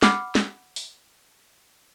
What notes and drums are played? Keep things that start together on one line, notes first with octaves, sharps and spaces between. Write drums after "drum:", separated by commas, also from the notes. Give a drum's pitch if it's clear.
F#5 B5 D6 F6 C7 C#7, drum: snare
drum: snare
drum: open hi-hat